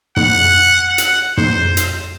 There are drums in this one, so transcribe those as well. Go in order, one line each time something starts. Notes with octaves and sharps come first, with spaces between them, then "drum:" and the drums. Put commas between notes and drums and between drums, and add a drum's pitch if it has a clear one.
F#5, drum: tom
F#5
drum: hi-hat
C5, drum: tom
drum: hi-hat